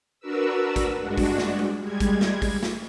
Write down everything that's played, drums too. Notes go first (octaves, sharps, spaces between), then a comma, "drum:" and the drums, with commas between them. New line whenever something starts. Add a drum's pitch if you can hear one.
D4 F#4 A#4 B4 E6
drum: kick, hi-hat
G2 G#3 D4 F#4
drum: kick, open hi-hat
drum: snare
drum: tom G#3
G3 G#3 G#6
drum: kick, hi-hat
drum: snare
drum: kick, open hi-hat
drum: snare